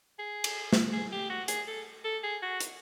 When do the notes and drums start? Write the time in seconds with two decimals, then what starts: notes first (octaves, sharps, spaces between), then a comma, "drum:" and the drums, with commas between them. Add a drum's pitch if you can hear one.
0.19 G#4
0.44 drum: cymbal
0.73 drum: snare
0.92 G#4
1.12 G4
1.29 F#4
1.48 G#4, drum: hi-hat
1.68 A4
2.04 A4
2.23 G#4
2.42 F#4
2.60 drum: hi-hat